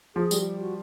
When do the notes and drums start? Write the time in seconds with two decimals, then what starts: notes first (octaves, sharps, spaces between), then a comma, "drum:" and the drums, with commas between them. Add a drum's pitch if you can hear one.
0.15 F3 G#4
0.31 G3, drum: tambourine
0.41 F#4
0.45 G4
0.61 F#4